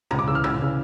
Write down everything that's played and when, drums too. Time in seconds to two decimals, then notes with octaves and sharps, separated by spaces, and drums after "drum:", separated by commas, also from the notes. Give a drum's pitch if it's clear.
0.11 C#2 A#5, drum: tom
0.19 D6
0.27 C#3 E3 E6
0.35 F6
0.44 C#2 E6, drum: tom
0.60 C#3 E3